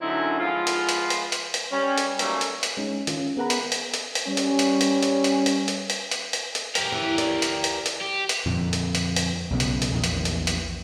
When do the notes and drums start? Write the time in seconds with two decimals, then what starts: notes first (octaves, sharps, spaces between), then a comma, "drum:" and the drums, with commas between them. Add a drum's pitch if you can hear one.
0.02 F#2 D3 F#3 C4 D#4 E4
0.40 F3 G#3 B3 F4
0.67 drum: hi-hat
0.89 drum: hi-hat
1.10 drum: hi-hat
1.32 drum: hi-hat
1.54 drum: hi-hat
1.72 G3 C#4
1.98 drum: hi-hat
2.19 D#3 F#3 G3 A3 A#3 C#4, drum: hi-hat
2.41 drum: hi-hat
2.63 drum: hi-hat
2.77 G#3 C#4 D#4
3.07 D#3 C#4 F4, drum: hi-hat
3.37 B3 G#4 A#4 F#5 A#5 B5
3.50 drum: hi-hat
3.72 drum: hi-hat
3.94 drum: hi-hat
4.15 drum: hi-hat
4.27 G3 C#4
4.37 drum: hi-hat
4.59 drum: hi-hat
4.81 drum: hi-hat
5.03 drum: hi-hat
5.24 drum: hi-hat
5.46 drum: hi-hat
5.68 drum: hi-hat
5.90 drum: hi-hat
6.11 drum: hi-hat
6.33 drum: hi-hat
6.55 drum: hi-hat
6.75 G4 A#4, drum: hi-hat
6.92 E3
7.18 D5, drum: hi-hat
7.42 drum: hi-hat
7.64 drum: hi-hat
7.86 drum: hi-hat
8.01 G4
8.29 drum: hi-hat
8.46 F2 A#2 D3
8.73 drum: hi-hat
8.95 drum: hi-hat
9.16 drum: hi-hat
9.50 B1 C#3 G3 B3
9.60 drum: hi-hat
9.82 drum: hi-hat
9.91 A#1 E2 D#3
10.04 drum: hi-hat
10.25 drum: hi-hat
10.47 drum: hi-hat